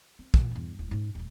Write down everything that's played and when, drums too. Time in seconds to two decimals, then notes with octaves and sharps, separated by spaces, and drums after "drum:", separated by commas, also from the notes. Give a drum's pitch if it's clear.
0.19 C4
0.34 A#2 E3, drum: kick
0.51 E2 G2
0.79 D1
0.91 G#2 C#4
1.15 D#1 D2